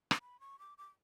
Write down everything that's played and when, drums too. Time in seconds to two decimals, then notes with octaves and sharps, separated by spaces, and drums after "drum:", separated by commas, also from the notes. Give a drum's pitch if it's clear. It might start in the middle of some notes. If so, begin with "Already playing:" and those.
0.11 drum: rim click
0.21 B5
0.40 C#6
0.59 D6
0.78 D6